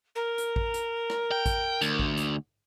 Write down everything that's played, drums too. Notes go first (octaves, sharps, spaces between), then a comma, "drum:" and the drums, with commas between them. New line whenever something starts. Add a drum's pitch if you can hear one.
A#4
drum: hi-hat
drum: kick A1
drum: hi-hat
drum: rim click
G5
drum: kick A1, hi-hat
D2, drum: hi-hat
drum: kick A1
drum: hi-hat